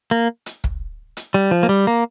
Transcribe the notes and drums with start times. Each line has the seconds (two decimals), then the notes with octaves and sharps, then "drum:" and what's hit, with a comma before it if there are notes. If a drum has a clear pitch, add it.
0.11 A#3
0.46 drum: hi-hat
0.64 drum: kick
1.17 drum: hi-hat
1.34 G3
1.51 F3
1.63 A#3
1.69 G3
1.87 A#3